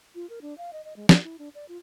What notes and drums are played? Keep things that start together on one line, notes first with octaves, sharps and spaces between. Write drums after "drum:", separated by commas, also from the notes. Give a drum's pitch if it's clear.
F4
A#4
D4
F5
D#5
D#5
G#3
D5, drum: snare
E4
D4
D5
F4